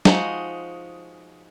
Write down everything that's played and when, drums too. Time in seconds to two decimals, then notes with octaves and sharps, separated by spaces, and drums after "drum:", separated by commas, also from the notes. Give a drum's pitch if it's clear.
0.05 F3 G#3 D#4 F#4, drum: snare F#3